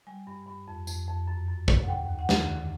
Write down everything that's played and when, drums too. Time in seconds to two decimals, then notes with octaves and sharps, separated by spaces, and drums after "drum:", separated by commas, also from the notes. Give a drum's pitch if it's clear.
0.07 G3 G#5
0.27 G2
0.47 G2
0.68 F2
0.87 F2, drum: tambourine
1.08 F2
1.27 F#2
1.48 F#2
1.68 F#2, drum: kick
1.83 F#5
1.88 D#2 G5
2.09 D#2
2.19 F#5
2.29 D#3, drum: snare
2.49 D3